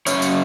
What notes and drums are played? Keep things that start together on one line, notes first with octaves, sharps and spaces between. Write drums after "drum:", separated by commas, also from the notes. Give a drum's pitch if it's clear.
F#2 C#3 C#5, drum: tambourine
drum: tambourine